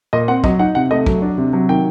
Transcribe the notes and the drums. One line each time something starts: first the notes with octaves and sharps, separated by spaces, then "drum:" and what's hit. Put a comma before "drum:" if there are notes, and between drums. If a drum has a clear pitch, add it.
A#2 D#5
C4 F#5
F#3 D#5, drum: kick
D#4 F#5
C3 F#5
A3 D#5
F#3, drum: kick
D4
C3
F#3
D#3 G5